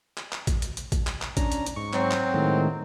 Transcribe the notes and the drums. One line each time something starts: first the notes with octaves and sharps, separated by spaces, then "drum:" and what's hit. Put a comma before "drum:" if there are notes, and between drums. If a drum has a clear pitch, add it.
drum: clap
drum: clap
drum: kick A1, hi-hat
drum: hi-hat
drum: hi-hat
drum: kick A1, hi-hat
drum: clap
drum: clap
C#4 D4 A#5, drum: kick A1, hi-hat
drum: hi-hat
drum: hi-hat
G#2 C#6
F#3 C4, drum: clap
drum: clap
A2 D#3 G#3